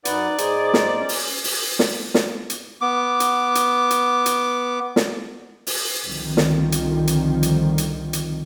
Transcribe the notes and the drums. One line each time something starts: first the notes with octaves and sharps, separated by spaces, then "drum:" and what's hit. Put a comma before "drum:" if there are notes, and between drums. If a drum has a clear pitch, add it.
F#2 D#4 B4 D5 F#5, drum: hi-hat
G#2 D#4 G#4 C5, drum: hi-hat
drum: snare
C#4
drum: open hi-hat
drum: open hi-hat
drum: snare
drum: snare
drum: hi-hat
B3 D6
drum: hi-hat
drum: hi-hat
drum: hi-hat
drum: hi-hat
drum: snare
drum: open hi-hat
C2 D3 D#3 F3 G3 C4
drum: snare
drum: hi-hat
drum: hi-hat
drum: hi-hat
drum: hi-hat
drum: hi-hat